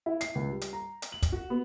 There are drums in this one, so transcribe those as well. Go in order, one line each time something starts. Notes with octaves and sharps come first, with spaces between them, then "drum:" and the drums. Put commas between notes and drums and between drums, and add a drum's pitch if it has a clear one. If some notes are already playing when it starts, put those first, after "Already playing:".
E4
C7, drum: hi-hat
C#2
G3
drum: hi-hat
A#5
drum: hi-hat
F#7
drum: kick, hi-hat
F#4
B3